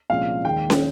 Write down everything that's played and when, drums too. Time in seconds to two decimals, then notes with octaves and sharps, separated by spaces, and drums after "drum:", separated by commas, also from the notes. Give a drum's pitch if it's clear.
0.10 C2 A#2 F3 G#3 C#4 F5
0.45 D#2 D#3 G#3 G5
0.70 drum: snare